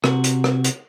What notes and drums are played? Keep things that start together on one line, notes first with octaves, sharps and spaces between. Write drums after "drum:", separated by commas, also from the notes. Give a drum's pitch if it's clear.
C3 F#4, drum: rim click
drum: hi-hat
drum: rim click
drum: hi-hat